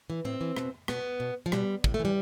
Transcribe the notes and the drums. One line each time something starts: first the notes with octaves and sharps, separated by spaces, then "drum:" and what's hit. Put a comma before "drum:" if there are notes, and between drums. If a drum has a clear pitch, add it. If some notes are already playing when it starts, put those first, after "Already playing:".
E3
A2 C4
E3
B2, drum: rim click
B2 B3, drum: rim click
B2
F3
B2 G3, drum: rim click
A2 G3, drum: kick
A3
E3
G3